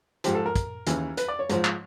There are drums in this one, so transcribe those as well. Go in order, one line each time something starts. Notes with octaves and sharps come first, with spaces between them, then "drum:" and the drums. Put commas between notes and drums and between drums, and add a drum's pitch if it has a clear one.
G#2 F3 G4, drum: hi-hat
A4
A#4
drum: kick, hi-hat
D#2 C#3 E3, drum: hi-hat
B4, drum: hi-hat
D5
C#5
G#2 F3, drum: hi-hat
drum: clap